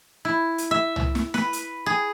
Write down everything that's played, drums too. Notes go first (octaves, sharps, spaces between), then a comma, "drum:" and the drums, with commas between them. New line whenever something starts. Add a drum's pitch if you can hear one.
E4
drum: hi-hat
E5
drum: tom
drum: snare
B4, drum: snare
drum: hi-hat
G#4